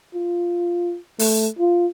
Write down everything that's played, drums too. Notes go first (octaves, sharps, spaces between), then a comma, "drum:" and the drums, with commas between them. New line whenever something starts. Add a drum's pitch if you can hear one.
F4
A3, drum: open hi-hat
F4